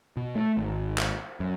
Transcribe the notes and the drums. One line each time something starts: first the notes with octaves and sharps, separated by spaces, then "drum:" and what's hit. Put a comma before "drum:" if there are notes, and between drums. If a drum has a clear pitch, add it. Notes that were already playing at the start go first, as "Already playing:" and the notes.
B2
A3
G#1
drum: clap
F#2